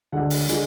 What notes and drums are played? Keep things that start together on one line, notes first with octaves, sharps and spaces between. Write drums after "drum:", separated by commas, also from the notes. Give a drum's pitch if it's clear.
D2 D3 G#3 F#5
drum: open hi-hat
D3 G#3, drum: hi-hat